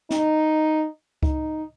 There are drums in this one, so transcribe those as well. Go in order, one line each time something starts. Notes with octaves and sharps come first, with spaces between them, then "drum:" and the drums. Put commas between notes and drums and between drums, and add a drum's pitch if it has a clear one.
D#4, drum: snare
D#4, drum: kick C#2